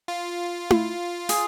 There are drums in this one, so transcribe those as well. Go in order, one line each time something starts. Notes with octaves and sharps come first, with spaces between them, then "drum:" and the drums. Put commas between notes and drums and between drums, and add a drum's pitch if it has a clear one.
F4
drum: tom E4
G#4, drum: open hi-hat